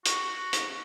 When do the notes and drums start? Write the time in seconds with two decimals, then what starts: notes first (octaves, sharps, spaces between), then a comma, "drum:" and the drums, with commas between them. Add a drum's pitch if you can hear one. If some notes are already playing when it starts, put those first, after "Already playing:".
0.05 F#4, drum: hi-hat
0.53 drum: hi-hat